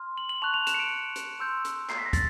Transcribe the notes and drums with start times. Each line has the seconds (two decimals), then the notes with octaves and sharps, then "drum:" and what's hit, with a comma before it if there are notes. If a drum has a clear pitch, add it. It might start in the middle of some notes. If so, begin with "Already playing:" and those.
Already playing: C6 F6
0.18 F#7
0.29 F#7
0.42 A5 C#6 F#6 F7
0.54 F7
0.67 E7, drum: hi-hat
0.74 C#7
0.80 D7
1.16 drum: hi-hat
1.40 C6 E6 G6
1.65 drum: hi-hat
1.89 C7, drum: clap
1.98 B6
2.06 A#6
2.13 A6, drum: kick, hi-hat